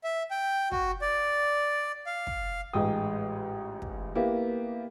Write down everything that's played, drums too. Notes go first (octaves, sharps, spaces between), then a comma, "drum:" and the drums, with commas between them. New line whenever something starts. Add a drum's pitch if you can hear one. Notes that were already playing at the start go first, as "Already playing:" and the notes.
E5
G5
F#4, drum: kick
D5
F5
drum: kick
A1 G#2 G#3 F4 G5 D#6
drum: kick
A#3 B3 E4 G4